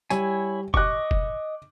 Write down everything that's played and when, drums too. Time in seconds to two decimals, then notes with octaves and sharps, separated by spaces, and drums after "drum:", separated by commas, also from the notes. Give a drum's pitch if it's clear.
0.10 G3 E4 C#5 G#5, drum: tambourine
0.74 D#5 C#6 D6 F#6, drum: kick F1
1.11 drum: kick F1